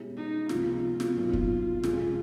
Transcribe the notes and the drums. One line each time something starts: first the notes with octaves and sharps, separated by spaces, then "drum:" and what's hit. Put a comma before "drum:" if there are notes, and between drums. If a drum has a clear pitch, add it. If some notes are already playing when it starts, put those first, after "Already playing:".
Already playing: B2 G#3 C#4 E4 G4
D#4
C#2 C3 F3 G#3 B3 F4, drum: snare
drum: snare
B1 A#2 F#3 A#3 D#4
drum: kick
F2 C3 F3 G#3, drum: snare